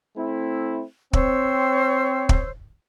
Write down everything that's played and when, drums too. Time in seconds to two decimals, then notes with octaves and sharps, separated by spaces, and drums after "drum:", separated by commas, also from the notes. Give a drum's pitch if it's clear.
0.17 A3 C4 E4
1.13 C4 C5 C#5 E6, drum: kick
2.29 drum: kick